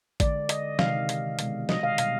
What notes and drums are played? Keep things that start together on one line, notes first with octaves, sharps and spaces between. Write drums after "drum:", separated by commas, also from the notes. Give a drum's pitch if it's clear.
D3 G#3 D5, drum: kick A1, hi-hat
D#5, drum: hi-hat
C3 D#3 G#3 F5, drum: snare
drum: hi-hat
B2 G#3, drum: hi-hat
D#5, drum: snare
F5
B2 G3 F5, drum: hi-hat